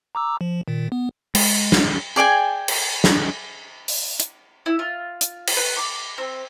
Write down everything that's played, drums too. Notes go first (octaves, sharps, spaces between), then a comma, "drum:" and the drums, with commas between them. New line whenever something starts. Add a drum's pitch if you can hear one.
A#5 D6 E6
F3
A#2 D#3
B3
G#3, drum: cymbal
drum: snare
G#4 D5 G5 G#5
drum: cymbal
drum: snare
drum: open hi-hat
drum: hi-hat
E4
F4
drum: hi-hat
drum: cymbal
B4
D6
C4